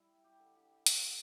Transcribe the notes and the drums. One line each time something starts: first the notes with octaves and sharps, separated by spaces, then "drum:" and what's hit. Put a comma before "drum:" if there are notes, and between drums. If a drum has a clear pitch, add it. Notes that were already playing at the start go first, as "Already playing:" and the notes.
Already playing: G3 E4
G4
D3
G4
D3 B4, drum: hi-hat